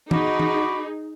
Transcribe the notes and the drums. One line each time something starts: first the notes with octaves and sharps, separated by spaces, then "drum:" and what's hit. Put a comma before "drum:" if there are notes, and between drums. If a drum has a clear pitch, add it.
D#4 F#4 G#4 B5 D6, drum: tom
drum: tom E3